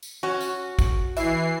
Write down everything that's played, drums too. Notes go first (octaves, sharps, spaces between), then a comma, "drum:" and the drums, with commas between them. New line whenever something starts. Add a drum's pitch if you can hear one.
drum: tambourine
C#4 F#4
drum: tambourine
drum: kick, tambourine
E3 E5 C7, drum: tambourine